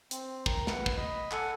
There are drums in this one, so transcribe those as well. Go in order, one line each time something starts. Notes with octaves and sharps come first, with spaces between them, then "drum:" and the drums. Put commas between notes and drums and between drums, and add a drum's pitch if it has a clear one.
C4, drum: hi-hat
A#4, drum: kick
B4 F#5, drum: snare
drum: kick
D#5 B5
A4 F#5 G#5, drum: clap